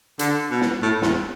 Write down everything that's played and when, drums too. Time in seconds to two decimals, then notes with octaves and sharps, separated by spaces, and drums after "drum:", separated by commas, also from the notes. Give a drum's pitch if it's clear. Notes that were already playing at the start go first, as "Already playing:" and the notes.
0.19 D3, drum: hi-hat
0.51 B2
0.61 drum: snare
0.82 A2
1.02 E2, drum: snare